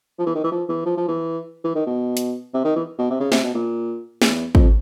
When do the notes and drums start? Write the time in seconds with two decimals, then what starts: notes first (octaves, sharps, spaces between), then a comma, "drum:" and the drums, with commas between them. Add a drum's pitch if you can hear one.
0.19 F3
0.26 E3
0.35 D#3
0.44 E3
0.52 F3
0.69 E3
0.85 F3
0.97 F3
1.08 E3
1.64 E3
1.75 D#3
1.86 B2
2.17 drum: hi-hat
2.54 C3
2.65 D#3
2.76 E3
2.99 B2
3.10 C3
3.20 C#3
3.32 C3, drum: snare
3.43 B2
3.54 A#2
4.22 E2, drum: snare
4.55 F2, drum: kick